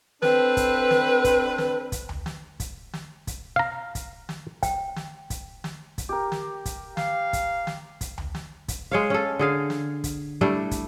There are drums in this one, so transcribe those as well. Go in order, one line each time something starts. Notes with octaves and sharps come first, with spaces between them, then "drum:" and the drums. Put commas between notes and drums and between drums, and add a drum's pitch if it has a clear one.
C4 D4 A4 B4, drum: snare
drum: kick, hi-hat
drum: snare
drum: kick, hi-hat
drum: snare
drum: kick, hi-hat
drum: tom D2
drum: snare
drum: kick, hi-hat
drum: snare
drum: kick, hi-hat
F5 A#5
drum: kick, hi-hat
drum: snare
G5, drum: kick, hi-hat
drum: snare
drum: kick, hi-hat
drum: snare
drum: kick, hi-hat
G4 A#4
drum: snare
drum: kick, hi-hat
F5, drum: snare
drum: kick, hi-hat
drum: snare
drum: kick, hi-hat
drum: tom D2
drum: snare
drum: kick, hi-hat
G#3 C#5 F5
C#4 A4
D3 G#4 F5
drum: snare
drum: kick, hi-hat
G3 A3 D4 E4
drum: kick, hi-hat